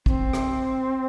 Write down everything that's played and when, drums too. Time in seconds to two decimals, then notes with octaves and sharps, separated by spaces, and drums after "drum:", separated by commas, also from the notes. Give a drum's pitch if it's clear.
0.06 C4, drum: kick
0.33 drum: rim click